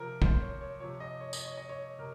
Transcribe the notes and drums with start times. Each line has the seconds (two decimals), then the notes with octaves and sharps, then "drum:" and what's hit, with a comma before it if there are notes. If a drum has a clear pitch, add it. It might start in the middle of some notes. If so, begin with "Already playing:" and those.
Already playing: C3 F3 A#4
0.22 C5, drum: kick
0.41 C#5
0.61 C#5
0.80 C3 F3 C#5
1.00 D#5
1.20 C#5
1.33 D#5, drum: tambourine
1.45 C#5
1.57 D#5
1.69 C#5
1.99 C3 A#4